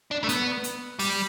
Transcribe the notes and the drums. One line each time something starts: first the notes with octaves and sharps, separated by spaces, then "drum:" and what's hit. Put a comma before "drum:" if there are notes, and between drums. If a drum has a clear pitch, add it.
D4
A3
B3, drum: hi-hat
drum: hi-hat
G3, drum: open hi-hat